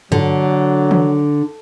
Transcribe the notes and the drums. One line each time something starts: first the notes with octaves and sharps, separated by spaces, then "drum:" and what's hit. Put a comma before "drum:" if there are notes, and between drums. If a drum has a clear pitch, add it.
D3 F#3, drum: tom G2
drum: tom D#3